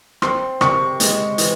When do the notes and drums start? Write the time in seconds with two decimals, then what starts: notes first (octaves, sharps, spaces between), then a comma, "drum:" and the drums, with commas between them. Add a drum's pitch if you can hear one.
0.22 C4 C6, drum: rim click
0.61 C3 C#6, drum: rim click
1.00 G#3, drum: hi-hat
1.38 E3, drum: hi-hat